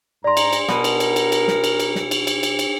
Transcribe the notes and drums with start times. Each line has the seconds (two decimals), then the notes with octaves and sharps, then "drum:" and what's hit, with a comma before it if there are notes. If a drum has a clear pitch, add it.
0.24 G#2 D5 A#5 C6
0.37 drum: cymbal
0.53 drum: cymbal
0.68 B2 A#4, drum: snare
0.84 drum: cymbal
1.00 drum: cymbal
1.16 drum: cymbal
1.32 drum: cymbal
1.48 drum: snare
1.64 drum: cymbal
1.80 drum: cymbal
1.95 drum: snare
2.11 drum: cymbal
2.27 drum: cymbal
2.43 drum: cymbal
2.59 drum: cymbal